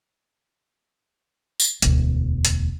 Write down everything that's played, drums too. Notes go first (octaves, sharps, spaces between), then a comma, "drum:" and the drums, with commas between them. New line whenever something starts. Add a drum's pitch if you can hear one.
drum: tambourine
E1 D2, drum: hi-hat
drum: hi-hat